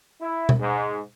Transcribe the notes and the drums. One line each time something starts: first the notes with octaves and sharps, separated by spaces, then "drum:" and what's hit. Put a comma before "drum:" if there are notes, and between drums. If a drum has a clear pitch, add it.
E4
drum: tom B2
G#2